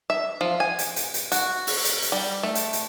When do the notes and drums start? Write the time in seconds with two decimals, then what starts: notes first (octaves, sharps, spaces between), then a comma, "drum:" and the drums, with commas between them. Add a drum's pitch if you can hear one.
0.10 E5
0.41 F3
0.60 G#5
0.79 drum: hi-hat
0.96 drum: hi-hat
1.14 drum: hi-hat
1.32 F#4, drum: hi-hat
1.67 drum: open hi-hat
1.85 drum: hi-hat
2.02 drum: hi-hat
2.12 G3
2.43 A3
2.55 drum: hi-hat
2.73 drum: hi-hat